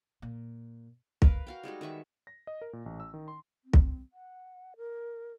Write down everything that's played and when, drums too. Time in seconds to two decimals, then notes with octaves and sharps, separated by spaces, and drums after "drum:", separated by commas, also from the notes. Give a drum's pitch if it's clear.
0.22 A#2
1.22 A#4 B4 F5, drum: kick
1.47 F#4 F5 G5
1.63 G3 G#3 D#4 F#4
1.81 D#3 B4 E5 C#6
2.27 A#6
2.47 D#5
2.61 A#4
2.73 A#2
2.86 A1
3.00 E6
3.14 D#3
3.28 C6
3.64 C4
3.73 drum: kick
4.13 F#5
4.77 A#4